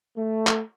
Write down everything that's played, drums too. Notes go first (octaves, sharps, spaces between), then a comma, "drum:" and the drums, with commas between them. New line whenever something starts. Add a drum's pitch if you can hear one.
A3
drum: clap